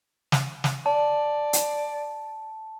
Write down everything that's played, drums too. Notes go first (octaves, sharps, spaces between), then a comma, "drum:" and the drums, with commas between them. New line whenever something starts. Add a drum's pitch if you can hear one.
drum: snare
drum: snare
D5 A5
drum: hi-hat